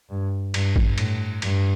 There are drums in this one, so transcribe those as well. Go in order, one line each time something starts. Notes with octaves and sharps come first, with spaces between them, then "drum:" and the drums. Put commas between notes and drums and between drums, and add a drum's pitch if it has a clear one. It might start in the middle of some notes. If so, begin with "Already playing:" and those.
G2
G2, drum: cymbal
drum: kick G#1
A2, drum: cymbal
G2, drum: cymbal